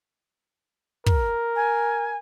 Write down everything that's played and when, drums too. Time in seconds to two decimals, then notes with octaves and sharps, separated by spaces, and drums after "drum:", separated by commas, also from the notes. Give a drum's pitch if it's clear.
1.06 A#4, drum: kick
1.56 G#5